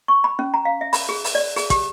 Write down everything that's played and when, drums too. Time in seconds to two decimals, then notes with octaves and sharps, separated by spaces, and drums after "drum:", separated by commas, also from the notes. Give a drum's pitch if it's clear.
0.08 C#6
0.24 B5
0.39 C#4
0.54 A#5
0.65 F5
0.81 E5
0.93 B5, drum: open hi-hat
1.09 G#4
1.24 drum: open hi-hat
1.35 D5
1.56 G#4, drum: open hi-hat
1.70 G4, drum: kick, hi-hat